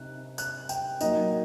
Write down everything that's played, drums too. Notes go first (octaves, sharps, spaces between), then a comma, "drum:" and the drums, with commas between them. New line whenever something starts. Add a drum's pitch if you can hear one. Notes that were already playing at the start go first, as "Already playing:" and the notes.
Already playing: C3 D#4 F#6
F#6, drum: tambourine
G5, drum: tambourine
F#3 A#3 D#4 D#5, drum: tambourine